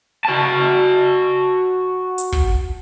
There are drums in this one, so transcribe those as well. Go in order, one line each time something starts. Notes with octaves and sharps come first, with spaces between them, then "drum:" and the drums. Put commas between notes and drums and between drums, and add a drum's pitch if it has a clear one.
F#4 A5
drum: hi-hat
drum: kick